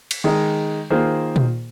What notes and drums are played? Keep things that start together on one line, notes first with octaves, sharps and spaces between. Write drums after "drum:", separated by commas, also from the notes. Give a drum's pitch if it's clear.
drum: cymbal
D#3 G#3 D#4
D#3 A#3 F4 G#4 C5
drum: tom A#2